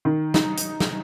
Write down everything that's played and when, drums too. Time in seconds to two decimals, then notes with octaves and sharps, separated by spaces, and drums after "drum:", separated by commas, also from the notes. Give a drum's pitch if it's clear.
0.05 D#3
0.34 D#4, drum: snare
0.57 drum: hi-hat
0.80 drum: snare